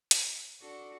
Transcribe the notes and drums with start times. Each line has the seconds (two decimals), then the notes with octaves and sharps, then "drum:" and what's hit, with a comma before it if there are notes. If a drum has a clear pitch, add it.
0.11 drum: hi-hat
0.61 D4 F#4 A4 D5